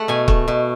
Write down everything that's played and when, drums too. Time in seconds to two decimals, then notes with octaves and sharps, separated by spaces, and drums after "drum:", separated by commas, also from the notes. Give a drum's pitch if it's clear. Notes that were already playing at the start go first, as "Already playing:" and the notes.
Already playing: A3 F#5
0.08 B2 G#5
0.28 A3, drum: kick
0.48 B2